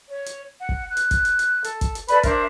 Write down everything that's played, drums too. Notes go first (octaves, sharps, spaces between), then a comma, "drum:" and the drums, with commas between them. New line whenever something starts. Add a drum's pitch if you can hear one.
C#5
drum: hi-hat
F#5
drum: kick
F#6
drum: hi-hat
drum: kick, hi-hat
drum: hi-hat
drum: hi-hat
A4, drum: hi-hat
drum: kick, hi-hat
drum: hi-hat
A4 B4 D5 B5, drum: hi-hat
D4 A#4 C5 E5, drum: kick, hi-hat